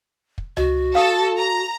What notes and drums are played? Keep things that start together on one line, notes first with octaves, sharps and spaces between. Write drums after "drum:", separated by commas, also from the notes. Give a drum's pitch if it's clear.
drum: kick
F#4 D#5, drum: tom C#2
A4 F5 D#6
A#5